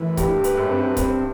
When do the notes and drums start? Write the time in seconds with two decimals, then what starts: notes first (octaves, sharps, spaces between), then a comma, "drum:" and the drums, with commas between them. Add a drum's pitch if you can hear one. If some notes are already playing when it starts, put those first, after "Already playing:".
Already playing: F#2 A2 E3
0.17 G2 G4, drum: kick C#1, hi-hat
0.44 B4, drum: hi-hat
0.57 F#2
0.67 G2 C4
0.77 F#2
0.97 G2 C4, drum: kick C#1, hi-hat